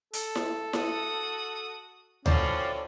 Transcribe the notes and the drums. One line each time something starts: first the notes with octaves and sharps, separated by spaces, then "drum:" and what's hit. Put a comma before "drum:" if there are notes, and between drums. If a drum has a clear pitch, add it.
A4, drum: hi-hat
drum: snare E4
F#4 D#6, drum: snare E4
A2 C#4 F4 F#4 C5 D5, drum: tom D2